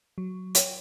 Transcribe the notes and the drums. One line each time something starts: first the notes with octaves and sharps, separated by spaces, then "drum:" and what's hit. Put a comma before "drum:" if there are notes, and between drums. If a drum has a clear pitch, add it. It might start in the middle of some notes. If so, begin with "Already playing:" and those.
F#3
C#5 G5, drum: hi-hat